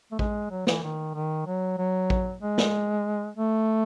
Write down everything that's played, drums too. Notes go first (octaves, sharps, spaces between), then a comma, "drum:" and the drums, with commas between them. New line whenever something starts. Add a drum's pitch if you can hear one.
A3
G#3, drum: kick A1
F#3
E3, drum: snare
D#3
D#3
F#3
F#3
drum: kick A1
G#3
drum: snare
A3